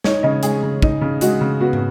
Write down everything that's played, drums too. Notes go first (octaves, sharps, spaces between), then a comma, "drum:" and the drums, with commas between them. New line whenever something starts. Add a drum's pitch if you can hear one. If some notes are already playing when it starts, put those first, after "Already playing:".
D#4 C#5, drum: snare
C#3 D#5
G#3 G#4, drum: hi-hat
C#3
D#4, drum: kick
C#3
G#3 F#4, drum: hi-hat
C#3
B3 F#4
drum: tom